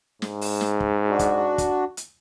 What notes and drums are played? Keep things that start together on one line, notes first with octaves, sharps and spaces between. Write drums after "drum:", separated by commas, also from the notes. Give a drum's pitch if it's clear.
G#2, drum: snare
drum: open hi-hat
drum: snare
drum: kick
D4 F#4
drum: kick, hi-hat
drum: kick, hi-hat
drum: hi-hat